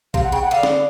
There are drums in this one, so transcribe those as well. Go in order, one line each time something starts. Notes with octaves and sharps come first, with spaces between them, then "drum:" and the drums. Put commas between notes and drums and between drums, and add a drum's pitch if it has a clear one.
C3 F5, drum: kick A#1
F#5
C#3 G5
F#5
D3 F5
drum: snare